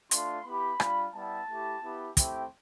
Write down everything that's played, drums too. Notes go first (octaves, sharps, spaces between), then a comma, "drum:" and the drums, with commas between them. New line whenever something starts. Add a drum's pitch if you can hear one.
A3 D4 F4 C6, drum: hi-hat
B3 E4 G4 B5
G3 D4 F4, drum: rim click
G3 B3 E4 A5
A3 E4 G4
B3 E4 G4
A3 C4 E4 G4 G5, drum: kick, hi-hat